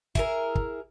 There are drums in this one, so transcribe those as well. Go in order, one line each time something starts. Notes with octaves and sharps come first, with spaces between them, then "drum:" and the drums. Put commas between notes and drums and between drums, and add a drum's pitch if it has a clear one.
E4 G#4 A#4, drum: kick
drum: kick